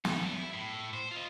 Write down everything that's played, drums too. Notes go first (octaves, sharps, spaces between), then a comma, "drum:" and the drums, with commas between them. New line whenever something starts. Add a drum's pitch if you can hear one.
D#4 A4, drum: snare
B3 E4
E4
A2
C5
F4 D#5